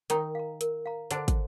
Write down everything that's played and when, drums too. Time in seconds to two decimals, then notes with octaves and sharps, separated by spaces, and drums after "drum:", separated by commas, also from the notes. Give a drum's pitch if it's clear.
0.10 D#3 D#4 A#4, drum: hi-hat
0.35 F5 A#5
0.61 A#4, drum: hi-hat
0.86 F5 A#5
1.11 D3 D4 C5, drum: hi-hat
1.28 drum: kick, hi-hat